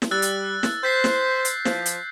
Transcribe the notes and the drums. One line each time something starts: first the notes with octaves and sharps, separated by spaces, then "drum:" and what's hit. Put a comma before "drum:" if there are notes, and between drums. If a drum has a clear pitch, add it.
drum: snare
G3 E6 F#6 A6
drum: hi-hat
drum: snare
C5 G6 B6 C7
drum: snare
drum: hi-hat
F3, drum: snare
drum: hi-hat